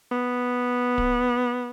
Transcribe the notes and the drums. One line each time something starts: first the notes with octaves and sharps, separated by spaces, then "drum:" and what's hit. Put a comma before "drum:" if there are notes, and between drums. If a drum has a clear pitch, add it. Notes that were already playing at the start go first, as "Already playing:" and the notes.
B3
drum: kick D1